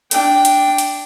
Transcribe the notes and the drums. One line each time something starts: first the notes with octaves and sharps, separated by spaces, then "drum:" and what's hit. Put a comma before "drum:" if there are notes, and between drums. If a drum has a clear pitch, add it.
D4 G5, drum: hi-hat
drum: hi-hat
drum: hi-hat